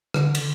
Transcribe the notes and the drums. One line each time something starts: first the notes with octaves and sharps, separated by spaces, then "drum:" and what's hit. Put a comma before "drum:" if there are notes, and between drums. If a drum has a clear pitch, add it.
D3, drum: rim click
drum: cymbal